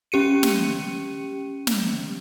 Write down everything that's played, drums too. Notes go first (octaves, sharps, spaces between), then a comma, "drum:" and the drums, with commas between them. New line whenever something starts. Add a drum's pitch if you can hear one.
C#4 G4 C#7 D#7
drum: snare
drum: snare